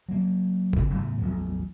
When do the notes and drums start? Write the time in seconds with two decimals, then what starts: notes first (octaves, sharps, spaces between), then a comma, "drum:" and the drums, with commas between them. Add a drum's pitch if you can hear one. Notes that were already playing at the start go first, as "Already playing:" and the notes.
0.09 F#3 A#3
0.73 E1 C#3 E3 F#3, drum: kick F#1
0.94 E2 A2 C#3 E3
1.18 A1 E2 F3 F#3